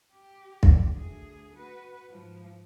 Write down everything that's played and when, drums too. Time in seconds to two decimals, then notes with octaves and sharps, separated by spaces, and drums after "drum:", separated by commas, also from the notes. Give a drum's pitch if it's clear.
0.13 G4
0.63 drum: kick
0.96 D2 G#4
1.55 F#4 B4
2.10 G#2 F3